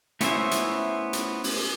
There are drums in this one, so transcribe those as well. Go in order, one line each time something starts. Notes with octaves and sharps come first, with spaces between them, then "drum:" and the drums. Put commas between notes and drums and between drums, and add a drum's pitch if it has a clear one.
A3 B3 C#4 E4 C5 E5, drum: hi-hat
drum: hi-hat
drum: hi-hat
drum: open hi-hat